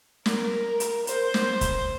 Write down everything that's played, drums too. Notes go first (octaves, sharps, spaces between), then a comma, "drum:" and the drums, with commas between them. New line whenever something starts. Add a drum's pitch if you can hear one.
A#4, drum: snare
drum: hi-hat
C5, drum: hi-hat
drum: snare
drum: kick, hi-hat